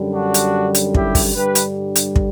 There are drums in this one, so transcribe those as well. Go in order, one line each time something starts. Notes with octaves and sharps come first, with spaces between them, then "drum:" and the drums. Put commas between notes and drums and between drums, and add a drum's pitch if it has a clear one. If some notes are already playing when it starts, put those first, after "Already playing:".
Already playing: F#2 D3 G3
D4 F#4
drum: hi-hat
drum: hi-hat
E4 G4, drum: kick
drum: kick, open hi-hat
G2 D3 G3 G4 B4
drum: hi-hat
drum: hi-hat
drum: kick